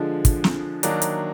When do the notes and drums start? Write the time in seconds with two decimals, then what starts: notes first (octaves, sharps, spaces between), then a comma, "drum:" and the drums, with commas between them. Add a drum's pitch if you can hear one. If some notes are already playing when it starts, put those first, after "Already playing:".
Already playing: D3 F3 G#3
0.25 drum: kick, hi-hat
0.44 drum: snare
0.83 D#3 F#3 A#3 D4, drum: hi-hat
1.02 drum: hi-hat